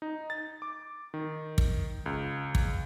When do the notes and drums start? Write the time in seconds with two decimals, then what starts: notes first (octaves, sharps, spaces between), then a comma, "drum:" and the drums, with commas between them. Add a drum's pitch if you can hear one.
0.02 D#4
0.30 A6
0.62 D6
1.14 D#3
1.58 drum: kick
2.06 C#2
2.55 drum: kick